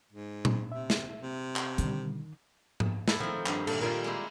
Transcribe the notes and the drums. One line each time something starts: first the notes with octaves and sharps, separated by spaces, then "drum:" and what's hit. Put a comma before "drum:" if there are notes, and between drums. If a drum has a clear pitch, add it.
G#2
drum: tom A#2
C3 E5
drum: snare
C3
drum: clap
B2 D3 D#3 G3, drum: hi-hat
drum: tom G#2
F3 A3 E4 A4, drum: snare
D#3 F3 C4
G2, drum: clap
A#2 D#3 A3, drum: cymbal
G3 F4 A#4 C5 G#5
G#3 A#3 E4